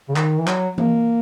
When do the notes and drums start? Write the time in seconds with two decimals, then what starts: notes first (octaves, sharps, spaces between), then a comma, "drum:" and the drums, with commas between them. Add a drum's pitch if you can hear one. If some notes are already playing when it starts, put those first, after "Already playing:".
0.09 C#3
0.16 D#3, drum: clap
0.39 E3
0.47 F#3, drum: clap
0.78 A#3, drum: tom E3